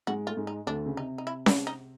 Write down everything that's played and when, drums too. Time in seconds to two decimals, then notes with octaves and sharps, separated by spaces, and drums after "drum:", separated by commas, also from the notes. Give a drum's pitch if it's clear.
0.07 G#2 G#3 F#4
0.27 A3 F4
0.37 G#2 G#3
0.47 D#4
0.67 D2 D3 D4
0.86 C#3
0.96 C3 D#4
1.18 D#4
1.27 E4
1.46 E4, drum: snare C#4
1.67 D#4